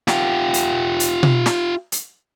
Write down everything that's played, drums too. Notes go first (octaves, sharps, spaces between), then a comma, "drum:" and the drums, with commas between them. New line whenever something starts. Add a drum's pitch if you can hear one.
F4 G4, drum: snare
drum: hi-hat
drum: hi-hat
drum: tom B2
drum: snare
drum: hi-hat